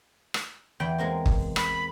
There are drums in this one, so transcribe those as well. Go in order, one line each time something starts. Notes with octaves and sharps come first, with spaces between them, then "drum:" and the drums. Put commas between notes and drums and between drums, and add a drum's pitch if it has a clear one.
drum: rim click
E2 G5 B5
G#3 A#3 C4
drum: kick
B5, drum: rim click